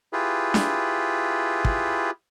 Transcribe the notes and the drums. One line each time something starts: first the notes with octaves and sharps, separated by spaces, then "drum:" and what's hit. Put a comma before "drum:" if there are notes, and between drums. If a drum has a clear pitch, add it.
E4 F4 G4 G#4 B4
drum: snare D4
drum: kick